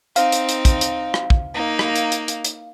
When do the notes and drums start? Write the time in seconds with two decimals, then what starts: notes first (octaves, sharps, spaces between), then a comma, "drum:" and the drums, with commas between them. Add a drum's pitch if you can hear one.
0.16 C4 D#4 F5, drum: hi-hat
0.32 drum: hi-hat
0.49 drum: hi-hat
0.65 drum: kick, hi-hat
0.81 drum: hi-hat
1.14 drum: rim click
1.30 drum: kick
1.55 A#3 D#4
1.79 drum: rim click
1.96 drum: hi-hat
2.12 drum: hi-hat
2.28 drum: hi-hat
2.44 drum: hi-hat